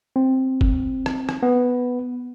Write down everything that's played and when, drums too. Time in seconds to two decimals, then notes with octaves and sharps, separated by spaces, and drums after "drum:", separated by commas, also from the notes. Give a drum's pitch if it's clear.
0.16 C4
0.61 drum: kick
1.06 drum: rim click
1.29 drum: rim click
1.43 B3